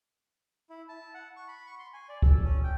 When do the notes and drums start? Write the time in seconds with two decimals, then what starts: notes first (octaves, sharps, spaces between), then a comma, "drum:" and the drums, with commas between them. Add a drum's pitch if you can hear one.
0.70 E4
0.89 A5
1.14 F#5
1.37 C#6
1.48 B5
1.66 C#6
1.79 C6
1.94 G#5
2.09 D5
2.22 A4, drum: kick C#2
2.44 C#4
2.64 G5